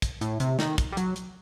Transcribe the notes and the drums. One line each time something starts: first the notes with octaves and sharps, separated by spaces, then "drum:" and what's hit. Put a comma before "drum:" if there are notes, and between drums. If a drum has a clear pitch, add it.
drum: kick, hi-hat
A2, drum: hi-hat
C3, drum: hi-hat
D#3, drum: snare
drum: kick, hi-hat
G3
F#3, drum: hi-hat
drum: hi-hat